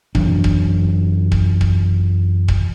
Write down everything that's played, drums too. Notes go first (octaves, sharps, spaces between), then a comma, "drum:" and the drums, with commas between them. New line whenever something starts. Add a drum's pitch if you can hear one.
F#2 E3 D4, drum: kick
drum: kick
drum: kick
drum: kick
drum: kick